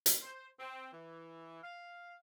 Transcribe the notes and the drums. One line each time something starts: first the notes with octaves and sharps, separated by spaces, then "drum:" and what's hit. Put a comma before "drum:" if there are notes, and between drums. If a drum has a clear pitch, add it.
drum: hi-hat
C5
C4
E3
F5